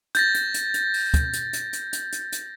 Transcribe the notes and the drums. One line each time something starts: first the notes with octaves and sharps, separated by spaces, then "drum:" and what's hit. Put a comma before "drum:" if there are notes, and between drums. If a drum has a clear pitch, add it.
G6 A6 A#6, drum: hi-hat
drum: hi-hat
drum: hi-hat
drum: hi-hat
drum: open hi-hat
drum: kick, hi-hat
drum: hi-hat
drum: hi-hat
drum: hi-hat
drum: hi-hat
drum: hi-hat
drum: hi-hat